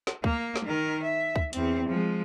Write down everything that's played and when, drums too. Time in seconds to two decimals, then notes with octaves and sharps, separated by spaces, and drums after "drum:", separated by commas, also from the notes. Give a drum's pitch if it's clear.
0.07 drum: snare
0.24 A#3, drum: kick C#2
0.56 drum: snare
0.65 D#3 A#4
1.03 E5
1.36 drum: kick C#2
1.53 E2 C4, drum: hi-hat
1.88 F3 G#3